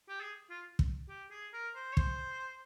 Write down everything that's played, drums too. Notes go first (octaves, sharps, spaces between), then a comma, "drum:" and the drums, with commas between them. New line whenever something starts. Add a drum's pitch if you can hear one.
G4
G#4
F4
drum: kick
G4
G#4
A#4
C5
C#5
C5, drum: kick